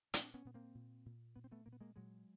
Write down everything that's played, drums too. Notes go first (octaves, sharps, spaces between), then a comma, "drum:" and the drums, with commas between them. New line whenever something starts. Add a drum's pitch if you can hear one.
A#2 C4 D4, drum: hi-hat
B3 C#4
A#2 B3
A#3 C4
A#2
A#2
A#2 B3
C4
A3 B3
A#2 A#3
B3
G#3 A#3
A#2 F#3 G#3